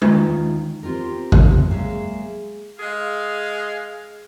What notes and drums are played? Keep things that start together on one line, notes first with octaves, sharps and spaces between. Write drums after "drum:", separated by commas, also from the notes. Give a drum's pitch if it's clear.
D#2 D#3 F4 A#5, drum: tom G#3
C4 F4 G4 A#4
drum: kick G#1
F#3 G#3 A#3 G#4 E5 F5
G#3 G#4 F5